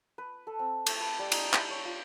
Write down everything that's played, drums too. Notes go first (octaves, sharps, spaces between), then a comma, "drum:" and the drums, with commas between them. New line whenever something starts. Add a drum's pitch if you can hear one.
B4
A4
C4
A3, drum: cymbal
B4
G3
D#4, drum: cymbal
E4, drum: clap
C#5
F4